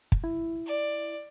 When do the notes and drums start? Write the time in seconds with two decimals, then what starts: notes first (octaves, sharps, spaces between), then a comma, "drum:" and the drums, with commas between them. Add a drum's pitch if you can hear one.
0.12 drum: kick
0.24 E4
0.66 D5